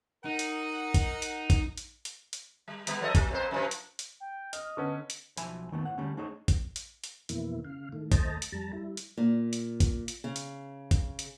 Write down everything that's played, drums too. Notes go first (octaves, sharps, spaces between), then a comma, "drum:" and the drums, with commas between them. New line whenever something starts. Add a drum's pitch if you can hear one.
D#4 A#4 F#5
drum: hi-hat
drum: kick A1, hi-hat
drum: hi-hat
drum: kick A1, hi-hat
drum: hi-hat
drum: hi-hat
drum: hi-hat
G3
G3 B3, drum: hi-hat
F3 A4 D#5
F#3, drum: kick A1, hi-hat
F2 A#2 C5
F#2 A#2 F3
drum: hi-hat
drum: hi-hat
G5
D#5 F6, drum: hi-hat
D3 B3 C#4
drum: hi-hat
B1 F3 E5 G#5 B5, drum: hi-hat
D#3 A3 B3
A2 F#5
D3 G3 A3 C#4
A3 D4 D#4 G#4 C5 C#5
drum: kick A1, hi-hat
drum: hi-hat
drum: hi-hat
F2 B2 E3 A#3 E4, drum: hi-hat
C#3 F5
A2 D#3 A3
D#2 A3 C5 D#5 A5 A#5, drum: kick A1, hi-hat
drum: hi-hat
F2 G3 A5 A#5
G3 E4
drum: hi-hat
A#2
drum: hi-hat
drum: kick A1, hi-hat
drum: hi-hat
C#3
drum: hi-hat
drum: kick A1, hi-hat
drum: hi-hat